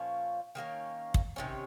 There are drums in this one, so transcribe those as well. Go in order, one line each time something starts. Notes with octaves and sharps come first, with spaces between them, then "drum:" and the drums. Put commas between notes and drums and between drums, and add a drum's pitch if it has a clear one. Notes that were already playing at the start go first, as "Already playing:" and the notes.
Already playing: A#2 F3 C#4
D#3 G3 A#3 C#4
drum: kick
C3 D#3 G#3 C#4